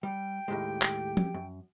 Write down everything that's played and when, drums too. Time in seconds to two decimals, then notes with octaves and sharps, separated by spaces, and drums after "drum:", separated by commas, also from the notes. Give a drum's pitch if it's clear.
0.03 G3 G5
0.48 D#2 A2 G#3 G4
0.82 drum: clap
1.17 drum: tom F3
1.34 F#2